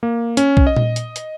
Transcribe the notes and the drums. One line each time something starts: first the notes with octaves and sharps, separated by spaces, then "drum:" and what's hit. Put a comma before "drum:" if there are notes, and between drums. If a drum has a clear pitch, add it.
A#3
C#4, drum: hi-hat
drum: kick
D#5
drum: tom A#2
drum: hi-hat
drum: hi-hat